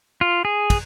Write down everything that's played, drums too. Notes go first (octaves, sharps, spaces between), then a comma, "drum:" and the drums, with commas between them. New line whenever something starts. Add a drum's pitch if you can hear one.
F4
G#4
drum: kick, cymbal